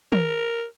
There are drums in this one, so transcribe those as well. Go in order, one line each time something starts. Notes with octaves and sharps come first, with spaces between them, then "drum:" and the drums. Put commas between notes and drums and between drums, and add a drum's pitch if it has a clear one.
A#4, drum: tom